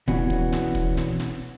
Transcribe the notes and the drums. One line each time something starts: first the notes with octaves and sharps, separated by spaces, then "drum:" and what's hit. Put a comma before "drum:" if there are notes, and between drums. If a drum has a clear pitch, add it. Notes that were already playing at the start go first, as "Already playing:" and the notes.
B2 E3 B3 C#4 D4 F#4, drum: kick
drum: kick
drum: snare
drum: kick
drum: snare
drum: snare